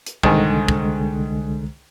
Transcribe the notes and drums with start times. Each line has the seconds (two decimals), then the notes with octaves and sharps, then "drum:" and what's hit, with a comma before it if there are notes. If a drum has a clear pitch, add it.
0.06 drum: hi-hat
0.23 C2 G#2 D3 D#3 G#3, drum: kick
0.68 drum: kick